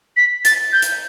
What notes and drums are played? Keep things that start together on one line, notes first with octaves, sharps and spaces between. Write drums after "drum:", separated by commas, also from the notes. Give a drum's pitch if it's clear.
B6
A6, drum: hi-hat
G6
drum: hi-hat